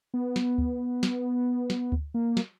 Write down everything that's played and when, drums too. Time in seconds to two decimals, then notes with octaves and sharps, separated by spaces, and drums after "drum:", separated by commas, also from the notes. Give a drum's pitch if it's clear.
0.14 B3
0.36 drum: snare
0.58 drum: kick D2
1.03 drum: snare
1.70 drum: snare
1.92 drum: kick D2
2.14 A#3
2.37 drum: snare